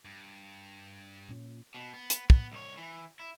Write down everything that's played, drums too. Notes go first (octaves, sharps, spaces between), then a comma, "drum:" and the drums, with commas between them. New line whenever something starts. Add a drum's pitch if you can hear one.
G2
A#2 C#4 F4
B2
B3
drum: hi-hat
B3, drum: kick
C2 C#5
E3
E4